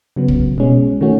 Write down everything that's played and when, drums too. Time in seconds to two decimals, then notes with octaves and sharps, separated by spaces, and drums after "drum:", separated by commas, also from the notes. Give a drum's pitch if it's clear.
0.16 C#3 F#3 B3
0.28 drum: kick
0.58 B2 G#3 C#4
1.01 D#3 A3 C#4 F#4